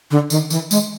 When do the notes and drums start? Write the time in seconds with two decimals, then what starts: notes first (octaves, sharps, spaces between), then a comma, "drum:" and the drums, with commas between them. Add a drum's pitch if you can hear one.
0.11 D3
0.30 D#3, drum: tambourine
0.50 E3, drum: tambourine
0.71 G#3, drum: tambourine